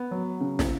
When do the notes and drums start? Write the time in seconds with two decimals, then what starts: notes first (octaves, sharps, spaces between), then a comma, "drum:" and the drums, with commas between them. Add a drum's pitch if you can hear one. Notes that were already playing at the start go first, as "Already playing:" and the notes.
Already playing: B3
0.11 F#3
0.40 C#3
0.59 drum: snare